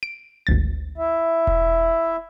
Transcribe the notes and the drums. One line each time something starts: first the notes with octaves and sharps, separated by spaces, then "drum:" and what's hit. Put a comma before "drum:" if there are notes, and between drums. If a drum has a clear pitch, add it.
D7
G#1 D2 A6
E4 E5
drum: kick E1